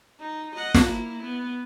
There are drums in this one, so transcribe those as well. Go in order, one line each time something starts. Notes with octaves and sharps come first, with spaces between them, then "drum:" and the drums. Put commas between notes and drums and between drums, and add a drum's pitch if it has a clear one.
D#4
D#5 F#5
drum: snare
A#3 E4
B3